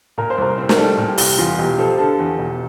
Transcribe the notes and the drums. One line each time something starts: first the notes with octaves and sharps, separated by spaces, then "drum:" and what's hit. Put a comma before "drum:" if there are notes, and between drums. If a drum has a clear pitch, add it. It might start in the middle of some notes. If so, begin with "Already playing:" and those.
A#2 A#4
C5
C2 A#4
C4 C5
A#4, drum: snare
G3 A4
A#2
G4
C2, drum: open hi-hat
E2 F4
E1 G4
F3 A4
D3 A4
E2
E1